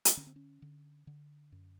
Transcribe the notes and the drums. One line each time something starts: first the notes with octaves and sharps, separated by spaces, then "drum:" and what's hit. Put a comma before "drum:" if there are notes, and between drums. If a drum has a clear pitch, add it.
drum: hi-hat
D3 C#4
C4
C#4
D3
D3
F#2